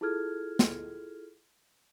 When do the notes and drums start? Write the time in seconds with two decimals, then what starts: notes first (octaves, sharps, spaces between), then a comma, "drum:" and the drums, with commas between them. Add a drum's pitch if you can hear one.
0.01 E4 F4 G#4 A4 F6 G#6
0.59 drum: snare